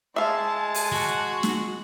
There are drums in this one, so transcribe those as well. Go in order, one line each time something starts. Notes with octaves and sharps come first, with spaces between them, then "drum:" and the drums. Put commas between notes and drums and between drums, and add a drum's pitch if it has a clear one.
G#3 E5 F5 A5
drum: open hi-hat
F#4
drum: snare